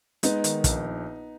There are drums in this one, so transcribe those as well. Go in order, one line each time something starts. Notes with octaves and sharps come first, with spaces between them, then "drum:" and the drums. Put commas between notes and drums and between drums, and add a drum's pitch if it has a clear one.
G#3 B3 D#4, drum: hi-hat
D#3, drum: hi-hat
A#1, drum: kick, hi-hat